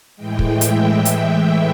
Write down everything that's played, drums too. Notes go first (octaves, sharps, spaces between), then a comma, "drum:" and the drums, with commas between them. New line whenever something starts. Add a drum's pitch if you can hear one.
A2 E3 G#3 G5
drum: kick
E5
drum: hi-hat
E5
drum: hi-hat